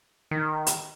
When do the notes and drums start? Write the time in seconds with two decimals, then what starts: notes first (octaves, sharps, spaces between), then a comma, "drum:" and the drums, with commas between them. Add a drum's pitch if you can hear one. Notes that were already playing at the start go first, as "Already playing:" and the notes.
0.31 D#3
0.67 drum: hi-hat